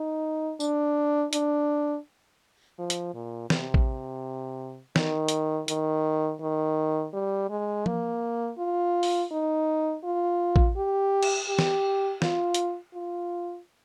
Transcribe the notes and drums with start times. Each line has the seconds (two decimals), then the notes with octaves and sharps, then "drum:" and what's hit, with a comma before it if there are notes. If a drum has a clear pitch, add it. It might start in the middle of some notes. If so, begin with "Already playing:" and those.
Already playing: D#4
0.60 D4, drum: tambourine
1.33 D4, drum: hi-hat
2.78 F3
2.90 drum: hi-hat
3.14 A#2
3.50 C3, drum: snare
3.74 drum: kick A1
4.96 D#3, drum: snare
5.28 drum: hi-hat
5.68 D#3, drum: hi-hat
6.41 D#3
7.13 G3
7.50 G#3
7.86 A#3, drum: tom F3
8.58 F4
9.03 drum: open hi-hat
9.31 D#4
10.04 F4
10.56 drum: kick A1
10.77 G4
11.23 drum: cymbal
11.49 G4
11.59 drum: snare
12.22 F4, drum: snare
12.54 drum: hi-hat
12.94 F4